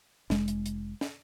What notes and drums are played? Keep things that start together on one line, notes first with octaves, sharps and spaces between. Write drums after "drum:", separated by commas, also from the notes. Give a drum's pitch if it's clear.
F1 G#3, drum: snare
drum: hi-hat
drum: hi-hat
drum: snare